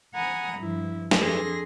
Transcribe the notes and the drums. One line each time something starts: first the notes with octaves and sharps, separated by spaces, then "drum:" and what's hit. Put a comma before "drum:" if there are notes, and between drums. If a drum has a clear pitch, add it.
F#5 G#5 A#5 B5 D#6
G2 F3 E4
drum: snare
F2 D4 G#4 A4 C6 A#6